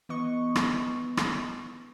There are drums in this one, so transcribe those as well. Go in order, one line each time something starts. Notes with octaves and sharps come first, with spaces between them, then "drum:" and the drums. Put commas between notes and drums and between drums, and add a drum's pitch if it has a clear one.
E3 B3 D#5 C#6
drum: rim click
drum: rim click